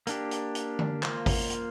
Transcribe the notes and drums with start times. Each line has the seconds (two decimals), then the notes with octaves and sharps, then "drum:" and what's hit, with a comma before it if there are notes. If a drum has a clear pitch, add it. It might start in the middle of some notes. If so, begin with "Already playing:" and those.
0.07 A#3 D4 G4, drum: hi-hat
0.31 drum: hi-hat
0.55 drum: hi-hat
0.79 drum: tom D3
1.03 A#3 F4 C5, drum: clap
1.26 drum: kick, open hi-hat
1.50 drum: hi-hat